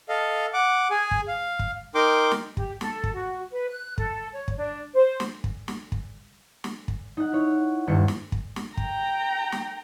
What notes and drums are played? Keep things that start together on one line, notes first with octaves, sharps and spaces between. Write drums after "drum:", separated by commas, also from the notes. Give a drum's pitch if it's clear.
A4 D#5 F5
F#5 D6
G#4 G#5
drum: kick
F5
drum: kick
D#4 A#4 G5 C6 D6
drum: snare
G4, drum: kick
A4, drum: snare
drum: kick
F#4
B4
F#6
A4, drum: kick
C#5
drum: kick
D4
C5
drum: snare
drum: kick
drum: snare
drum: kick
drum: snare
drum: kick
D#4 F#5
E4 C#5
D#1 G2 C#7
drum: snare
drum: kick
drum: snare
G5 A#5, drum: kick
drum: snare